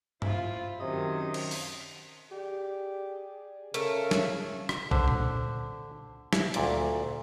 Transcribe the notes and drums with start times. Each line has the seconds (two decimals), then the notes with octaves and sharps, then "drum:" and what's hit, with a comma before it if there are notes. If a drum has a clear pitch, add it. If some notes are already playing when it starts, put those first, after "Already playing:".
0.22 E4 F4 C5, drum: tom G2
0.80 F#2 C3 D#3 F#3 D#5
1.34 drum: cymbal
1.51 drum: open hi-hat
2.31 G4 G#4 D5
3.74 C#3 A3 A#4, drum: hi-hat
4.11 drum: snare
4.69 drum: rim click
4.91 D3 C5, drum: kick
5.08 drum: tom A#2
6.33 E4, drum: snare
6.54 D2 A#2 D5, drum: hi-hat